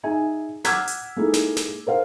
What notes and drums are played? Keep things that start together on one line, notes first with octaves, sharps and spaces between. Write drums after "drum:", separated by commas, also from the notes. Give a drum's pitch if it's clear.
D#4 G#4 E5 G#5
F#5 D6 E6 F6 G#6 B6, drum: snare
drum: hi-hat
G#3 A#3 D#4 E4 G#4 A4
drum: snare
drum: snare
A#4 C5 F5